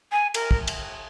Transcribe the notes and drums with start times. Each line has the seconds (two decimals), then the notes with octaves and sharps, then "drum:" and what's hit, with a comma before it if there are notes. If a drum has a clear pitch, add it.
0.12 G#5
0.34 A#4, drum: cymbal
0.51 drum: kick
0.67 drum: cymbal